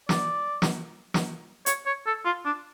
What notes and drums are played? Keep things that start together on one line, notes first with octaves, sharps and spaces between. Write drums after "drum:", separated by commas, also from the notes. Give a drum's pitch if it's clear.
D5, drum: snare
drum: snare
drum: snare
C#5, drum: hi-hat
C#5
A4
F4
D4